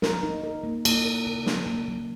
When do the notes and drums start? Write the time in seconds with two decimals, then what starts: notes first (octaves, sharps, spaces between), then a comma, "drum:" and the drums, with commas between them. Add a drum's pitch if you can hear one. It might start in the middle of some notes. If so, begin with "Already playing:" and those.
0.02 A#4, drum: snare
0.23 D#4
0.44 A#4
0.64 A#3
0.85 A#3, drum: cymbal
1.05 A#4
1.26 C#3
1.46 C#4, drum: snare
1.67 A#3
1.88 F#3